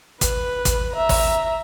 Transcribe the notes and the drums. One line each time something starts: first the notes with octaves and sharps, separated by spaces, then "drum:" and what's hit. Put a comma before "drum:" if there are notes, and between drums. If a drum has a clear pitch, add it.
B4, drum: kick, hi-hat
drum: kick, hi-hat
E5 A#5
drum: kick, open hi-hat